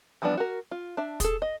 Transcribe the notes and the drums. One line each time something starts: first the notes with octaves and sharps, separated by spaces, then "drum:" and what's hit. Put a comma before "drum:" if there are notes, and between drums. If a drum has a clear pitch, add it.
E3 F3 G3 B3 D4
F#4 A#4
F4
D4 E5
G#4 A4, drum: kick, hi-hat
D#5